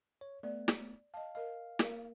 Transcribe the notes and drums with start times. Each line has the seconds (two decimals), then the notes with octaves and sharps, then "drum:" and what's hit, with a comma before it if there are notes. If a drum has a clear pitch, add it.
0.21 C#5
0.43 A3 B3 D5
0.68 drum: snare
1.14 D#5 F5 A5
1.35 A#4 D#5 F5
1.79 A#3 A#4, drum: snare